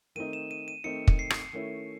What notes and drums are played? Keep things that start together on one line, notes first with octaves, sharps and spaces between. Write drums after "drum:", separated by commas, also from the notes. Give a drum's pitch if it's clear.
D#3 A3 C4 D#4 D#7
E7
D#7
D#7
D#3 A3 C4 D#4 C#7
drum: kick
C7
drum: rim click
D#3 A3 C#4 E4